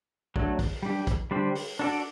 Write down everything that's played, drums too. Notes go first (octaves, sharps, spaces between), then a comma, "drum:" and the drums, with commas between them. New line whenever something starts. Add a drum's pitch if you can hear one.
F#3 A3 D4, drum: kick
drum: kick, open hi-hat
G3 D4 G4
drum: kick, hi-hat
D3 G3 D4 G4 C5
drum: open hi-hat
D4 F#4 A4 D5